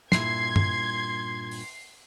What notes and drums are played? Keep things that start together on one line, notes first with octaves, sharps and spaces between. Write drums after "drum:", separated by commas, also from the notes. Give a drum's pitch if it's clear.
G2 A#2 E4 C6 G#6 C7, drum: snare
drum: tom G2
drum: open hi-hat